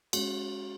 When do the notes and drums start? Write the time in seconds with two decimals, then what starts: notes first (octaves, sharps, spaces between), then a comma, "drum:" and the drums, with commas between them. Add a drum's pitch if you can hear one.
0.13 G#3 C#4 F#4, drum: cymbal